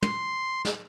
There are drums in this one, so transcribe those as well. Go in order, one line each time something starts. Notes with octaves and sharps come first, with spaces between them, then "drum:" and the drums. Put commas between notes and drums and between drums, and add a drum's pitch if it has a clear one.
C6, drum: tom
drum: snare